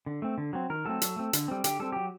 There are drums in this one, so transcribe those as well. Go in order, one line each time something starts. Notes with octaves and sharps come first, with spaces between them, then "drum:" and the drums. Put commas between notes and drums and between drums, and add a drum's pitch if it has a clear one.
D3
A3 C4
D3
F#3 C4
D#3 A#4
F#3 A3 C4 A4
F#3, drum: hi-hat
A3 C4
D3, drum: hi-hat
G3 C4
D3 G4, drum: hi-hat
G3 C4 A4
F#3 G4